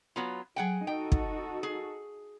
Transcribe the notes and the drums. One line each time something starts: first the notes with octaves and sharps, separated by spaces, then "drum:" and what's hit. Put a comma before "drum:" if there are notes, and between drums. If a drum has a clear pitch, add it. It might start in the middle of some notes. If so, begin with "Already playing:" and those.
F#3 B3 F4
F#3 G#4 F#5 G5
D#4 F#4 A4 G5
drum: kick
G#4